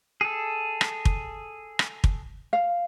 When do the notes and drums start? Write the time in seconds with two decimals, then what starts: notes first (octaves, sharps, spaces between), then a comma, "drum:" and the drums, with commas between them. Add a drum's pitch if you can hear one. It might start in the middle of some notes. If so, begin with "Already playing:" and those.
0.21 G#4 A4
0.81 drum: rim click
1.05 drum: kick
1.79 drum: rim click
2.04 drum: kick
2.53 F5